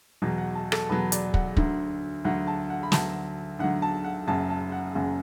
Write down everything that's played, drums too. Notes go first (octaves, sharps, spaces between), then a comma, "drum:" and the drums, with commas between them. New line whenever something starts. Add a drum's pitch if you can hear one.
E2 B2 F#3
F#5
A5
A4, drum: rim click
E2 B2 F#3 B4
D5, drum: hi-hat
F#5, drum: kick
D2 D3 F#3, drum: kick
D2 D3 F#3 F#5
A5
F#5
B5
D2 D3 F#3 A5, drum: snare
D2 D3 F#3 F#5
A5
F#5
F#1 F#2 F#3 A5
A5
F#5
F#1 F#2 F#3